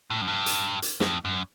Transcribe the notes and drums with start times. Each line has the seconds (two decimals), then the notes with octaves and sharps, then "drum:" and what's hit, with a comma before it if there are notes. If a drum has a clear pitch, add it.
0.10 A2
0.22 F#2
0.27 G2
0.46 drum: hi-hat
0.82 drum: hi-hat
1.00 F2, drum: snare
1.25 F#2